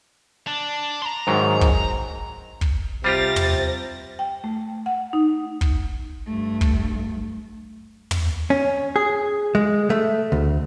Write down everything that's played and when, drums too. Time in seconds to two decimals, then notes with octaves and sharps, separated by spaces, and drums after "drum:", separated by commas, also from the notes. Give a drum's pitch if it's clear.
0.47 D4
1.02 A#5 C6
1.27 G#2 D#3 F#3
1.61 drum: kick
2.61 drum: kick
3.04 C3 G3 F4 G4 C5 A6 A#6
3.36 drum: tom
4.19 G5
4.44 A3
4.86 F#5
5.13 D#4
5.61 drum: kick
6.26 G2 A3
6.61 drum: kick
8.11 drum: tom
8.50 C#4
8.96 G#4
9.55 G#3
9.90 A3
10.32 D2